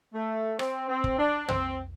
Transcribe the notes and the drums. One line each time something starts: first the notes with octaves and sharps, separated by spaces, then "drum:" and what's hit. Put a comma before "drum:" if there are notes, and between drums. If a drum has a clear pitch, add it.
A3
C4, drum: rim click
C4
drum: kick
D4
C4, drum: tom